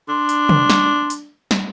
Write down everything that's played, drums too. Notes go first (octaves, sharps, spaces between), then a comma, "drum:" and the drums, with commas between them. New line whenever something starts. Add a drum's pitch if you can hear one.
D4 C6
drum: hi-hat
drum: tom
drum: snare
drum: hi-hat
drum: snare